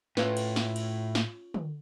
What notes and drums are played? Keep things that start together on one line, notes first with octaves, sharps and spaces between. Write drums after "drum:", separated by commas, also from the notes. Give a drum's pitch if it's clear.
A2 C#4 F4 B4, drum: snare
drum: cymbal
drum: snare
drum: cymbal
drum: snare
drum: tom